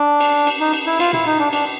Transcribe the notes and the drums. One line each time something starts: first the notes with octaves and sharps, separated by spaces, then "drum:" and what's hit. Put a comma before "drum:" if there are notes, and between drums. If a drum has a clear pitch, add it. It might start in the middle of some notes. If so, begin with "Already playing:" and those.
Already playing: D4
drum: cymbal
drum: cymbal
D#4
drum: cymbal
E4
F4, drum: cymbal
E4, drum: tom A#2
D#4
D4
D4, drum: cymbal